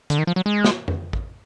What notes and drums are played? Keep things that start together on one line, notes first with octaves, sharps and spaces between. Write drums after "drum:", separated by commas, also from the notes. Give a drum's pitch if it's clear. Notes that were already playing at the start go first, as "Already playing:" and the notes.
D3, drum: hi-hat
D#3
F3
F#3
G#3
drum: snare
drum: tom F2
drum: kick